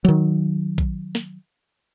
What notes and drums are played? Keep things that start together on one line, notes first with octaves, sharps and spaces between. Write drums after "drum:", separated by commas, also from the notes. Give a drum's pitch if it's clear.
D#3 F#3
drum: kick A#1
drum: snare